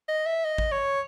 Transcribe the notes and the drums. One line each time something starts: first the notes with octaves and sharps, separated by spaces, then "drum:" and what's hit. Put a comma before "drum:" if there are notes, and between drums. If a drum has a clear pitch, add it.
D#5
E5
D#5
drum: kick G#1
C#5